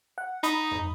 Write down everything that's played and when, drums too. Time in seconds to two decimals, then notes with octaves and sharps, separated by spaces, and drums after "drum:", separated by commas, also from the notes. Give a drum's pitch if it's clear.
0.18 F#5
0.43 D#4 B5 D#6, drum: hi-hat
0.71 drum: tom F2